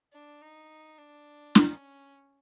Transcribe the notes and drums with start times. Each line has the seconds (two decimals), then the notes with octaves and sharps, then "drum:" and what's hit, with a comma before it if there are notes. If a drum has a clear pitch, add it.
0.13 D4
0.42 D#4
0.98 D4
1.55 C#4, drum: snare